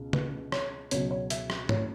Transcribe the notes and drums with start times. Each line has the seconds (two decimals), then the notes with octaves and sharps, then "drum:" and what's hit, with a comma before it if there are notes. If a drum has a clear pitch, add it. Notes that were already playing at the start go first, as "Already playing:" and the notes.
Already playing: C#2 B2
0.13 B4, drum: tom
0.52 C#5, drum: rim click
0.91 C#2 B2 F#3 C#5, drum: hi-hat
1.11 C#5
1.30 E5, drum: hi-hat
1.50 drum: rim click
1.69 C#5, drum: tom G#2